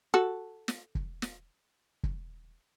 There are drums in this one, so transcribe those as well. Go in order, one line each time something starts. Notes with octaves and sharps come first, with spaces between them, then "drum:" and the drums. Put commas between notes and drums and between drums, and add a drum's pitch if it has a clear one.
F#4 A4
drum: snare
drum: kick
drum: snare
drum: kick